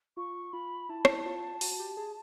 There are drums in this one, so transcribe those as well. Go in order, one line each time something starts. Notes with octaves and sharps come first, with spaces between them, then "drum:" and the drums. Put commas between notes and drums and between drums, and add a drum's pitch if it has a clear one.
F4 C#6
F4 B5
E4 A5
drum: rim click
F4
F#4, drum: open hi-hat
G4
G#4